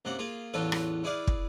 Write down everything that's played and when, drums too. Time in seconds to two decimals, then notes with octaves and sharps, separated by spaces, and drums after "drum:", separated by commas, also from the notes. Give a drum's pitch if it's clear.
0.05 F#2 C3 A#3 F#5
0.19 A#3 F4 G#4
0.54 A1 E2 F#3 F4 A4 B4
0.72 drum: rim click
1.04 E4 G#4 B4 D5 F5
1.27 drum: kick